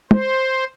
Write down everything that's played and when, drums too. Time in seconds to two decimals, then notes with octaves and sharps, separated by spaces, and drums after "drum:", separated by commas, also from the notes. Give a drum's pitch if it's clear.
0.11 C5, drum: tom